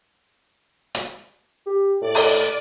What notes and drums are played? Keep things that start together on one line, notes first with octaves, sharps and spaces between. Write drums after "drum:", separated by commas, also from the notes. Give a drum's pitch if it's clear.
drum: hi-hat
G4
A2 D5
drum: open hi-hat